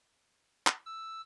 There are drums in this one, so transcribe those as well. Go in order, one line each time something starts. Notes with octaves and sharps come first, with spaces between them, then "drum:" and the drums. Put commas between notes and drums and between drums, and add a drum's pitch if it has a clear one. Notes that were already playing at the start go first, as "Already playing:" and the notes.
drum: clap
E6